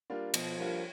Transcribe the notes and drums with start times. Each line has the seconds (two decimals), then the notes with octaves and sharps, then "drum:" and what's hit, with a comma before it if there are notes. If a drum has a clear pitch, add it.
0.10 G3 A#3 D4 F4
0.34 B2 F3, drum: cymbal
0.59 G3 A#3 D4 F4